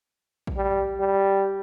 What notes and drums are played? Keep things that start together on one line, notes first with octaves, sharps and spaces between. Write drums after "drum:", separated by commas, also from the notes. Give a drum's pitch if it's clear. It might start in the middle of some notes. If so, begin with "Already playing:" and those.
drum: kick A#1
G3
G3